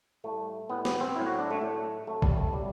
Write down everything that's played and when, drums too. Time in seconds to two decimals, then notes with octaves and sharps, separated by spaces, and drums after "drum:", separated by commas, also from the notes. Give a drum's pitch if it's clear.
0.24 A2 G3 A3
0.70 A2 G3 B3
0.85 B3, drum: snare
1.01 C4
1.16 A2 F#3 E4
1.26 F#4
1.39 D4
1.51 A3
1.61 A2 F#3 A3
2.07 C3 F#3 A3
2.22 G3, drum: kick
2.38 A3
2.53 C3 F#3 G3